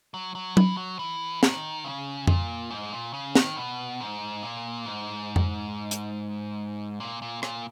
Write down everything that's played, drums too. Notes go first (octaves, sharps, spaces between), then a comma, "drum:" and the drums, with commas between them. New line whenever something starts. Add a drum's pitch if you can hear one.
F#3
F#3
E3, drum: tom F#3
F#3
E3
D#3, drum: snare
C#3
A#2, drum: tom F2
G#2
A#2
C#3
D#3, drum: snare
B2
G#2
A#2
G#2
drum: tom F2
drum: hi-hat
A#2
A#2
A#2, drum: rim click